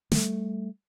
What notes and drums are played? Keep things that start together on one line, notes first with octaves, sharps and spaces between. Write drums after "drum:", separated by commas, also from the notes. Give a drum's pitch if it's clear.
G3 A3, drum: snare